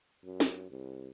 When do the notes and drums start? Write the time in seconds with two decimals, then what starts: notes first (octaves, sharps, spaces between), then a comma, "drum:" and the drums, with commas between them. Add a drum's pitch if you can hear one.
0.25 F#2
0.40 drum: snare
0.71 C2